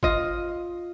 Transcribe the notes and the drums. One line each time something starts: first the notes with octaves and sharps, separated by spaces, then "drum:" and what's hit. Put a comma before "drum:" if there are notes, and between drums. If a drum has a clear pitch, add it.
F4 D#5, drum: kick G1